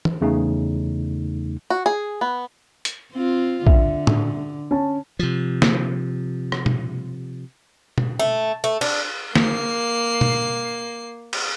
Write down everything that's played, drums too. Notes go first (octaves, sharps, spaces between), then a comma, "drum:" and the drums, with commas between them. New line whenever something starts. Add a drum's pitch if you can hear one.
drum: tom E3
E2 C#3 A3 D#4
F#4
G#4
B3
drum: hi-hat
C4 F4
D3 E5, drum: kick
drum: tom
C#4 A5
C3 F3
drum: snare
drum: rim click
drum: tom
drum: tom
A3
A3
D4, drum: cymbal
A#3 C7, drum: snare
drum: tom
drum: cymbal